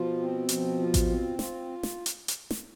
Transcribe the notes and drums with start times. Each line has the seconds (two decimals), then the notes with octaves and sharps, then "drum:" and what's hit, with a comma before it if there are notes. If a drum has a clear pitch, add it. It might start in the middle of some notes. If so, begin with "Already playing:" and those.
Already playing: B2 F3 F4
0.19 C4
0.49 F3, drum: hi-hat
0.79 F4
0.94 drum: kick A1, hi-hat
1.09 C4
1.39 F4, drum: snare
1.83 drum: snare
2.06 drum: hi-hat
2.28 drum: hi-hat
2.51 drum: snare